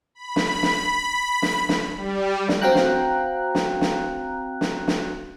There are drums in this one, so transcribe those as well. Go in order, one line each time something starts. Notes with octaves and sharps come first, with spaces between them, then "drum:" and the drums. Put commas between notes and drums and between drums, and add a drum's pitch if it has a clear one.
B5
drum: snare
drum: snare
drum: snare
drum: snare
G3
drum: snare
C4 F#4 F5 G5 A#5 F#6
drum: snare
drum: snare
drum: snare
drum: snare
drum: snare